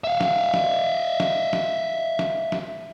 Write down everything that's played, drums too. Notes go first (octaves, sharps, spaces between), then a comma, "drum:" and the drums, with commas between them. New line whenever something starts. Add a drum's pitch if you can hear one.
E5 F5
drum: snare
drum: snare
drum: snare
drum: snare
drum: snare
drum: snare